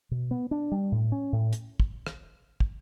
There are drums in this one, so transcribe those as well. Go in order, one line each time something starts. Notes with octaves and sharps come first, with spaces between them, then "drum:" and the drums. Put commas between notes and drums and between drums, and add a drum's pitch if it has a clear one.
B2
B3
D4
G3
A2
C#4
A2
drum: hi-hat
drum: kick
drum: rim click
drum: kick